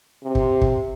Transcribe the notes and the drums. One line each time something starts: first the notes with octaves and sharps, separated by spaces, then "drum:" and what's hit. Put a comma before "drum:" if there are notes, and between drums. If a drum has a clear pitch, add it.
C3
drum: kick
drum: kick